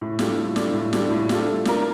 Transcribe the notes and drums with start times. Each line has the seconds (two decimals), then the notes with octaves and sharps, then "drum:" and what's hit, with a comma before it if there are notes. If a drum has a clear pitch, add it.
0.01 A2
0.19 G3 D4 F4 A4, drum: snare
0.38 A2
0.56 G3 D4 F4 A4, drum: snare
0.74 A2
0.93 G3 D4 F4 A4, drum: snare
1.10 A2
1.29 G3 D4 F4 A4, drum: snare
1.48 A3
1.65 D4 F4 A#4, drum: snare